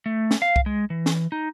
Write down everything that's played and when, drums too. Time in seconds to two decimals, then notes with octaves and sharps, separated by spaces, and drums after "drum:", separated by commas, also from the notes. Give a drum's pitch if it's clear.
0.06 A3
0.31 drum: snare
0.42 F5
0.56 drum: kick C2
0.66 G#3
0.90 E3
1.06 drum: snare
1.32 D#4